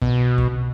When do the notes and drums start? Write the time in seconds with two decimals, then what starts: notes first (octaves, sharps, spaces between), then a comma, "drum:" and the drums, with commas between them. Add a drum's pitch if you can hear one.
0.02 B2, drum: kick
0.38 drum: kick